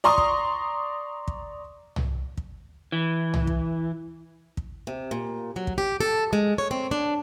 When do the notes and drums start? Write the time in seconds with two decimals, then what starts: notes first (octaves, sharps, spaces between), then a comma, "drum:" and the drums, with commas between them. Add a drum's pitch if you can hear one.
0.04 D5 A#5 C6 C#6 D#6
0.18 drum: kick
1.28 drum: kick
1.96 drum: tom C2
2.37 drum: kick
2.92 E3
3.34 drum: tom C2
3.47 drum: kick
4.57 drum: kick
4.87 C3
5.11 A#2
5.56 F#3
5.67 drum: kick
5.78 G4
6.01 A4
6.33 G#3
6.58 C#5
6.71 C4
6.91 D4